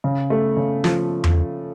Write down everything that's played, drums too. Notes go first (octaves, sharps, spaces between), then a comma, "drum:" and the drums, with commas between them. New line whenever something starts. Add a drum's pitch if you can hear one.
C#3
A3
C#3
F3, drum: snare
drum: tom E2